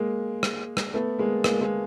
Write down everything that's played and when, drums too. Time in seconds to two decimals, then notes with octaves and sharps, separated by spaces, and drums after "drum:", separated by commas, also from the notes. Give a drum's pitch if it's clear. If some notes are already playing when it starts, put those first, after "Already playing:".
Already playing: G#3 A#3
0.43 drum: rim click
0.77 drum: rim click
0.94 A3 B3
1.19 G#3 A#3
1.44 G#3 A#3, drum: rim click
1.61 G#3 A#3